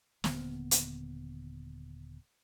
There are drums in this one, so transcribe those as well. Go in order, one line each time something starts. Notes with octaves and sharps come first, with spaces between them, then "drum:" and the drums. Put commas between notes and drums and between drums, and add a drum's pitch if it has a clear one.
D#1 D3 A#3 B3, drum: snare
drum: hi-hat